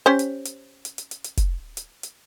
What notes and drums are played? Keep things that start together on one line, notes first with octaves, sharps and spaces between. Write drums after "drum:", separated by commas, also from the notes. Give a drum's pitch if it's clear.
C#4 G4 C5
drum: hi-hat
drum: hi-hat
drum: hi-hat
drum: hi-hat
drum: hi-hat
drum: hi-hat
drum: kick F1, hi-hat
drum: hi-hat
drum: hi-hat